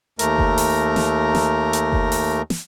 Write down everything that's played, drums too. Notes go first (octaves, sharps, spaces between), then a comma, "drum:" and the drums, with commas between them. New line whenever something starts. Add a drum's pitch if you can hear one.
D#2 A3 A#4 A#5, drum: hi-hat
drum: kick F#1
drum: open hi-hat
drum: snare
drum: snare
drum: hi-hat
drum: kick F#1
drum: open hi-hat
drum: snare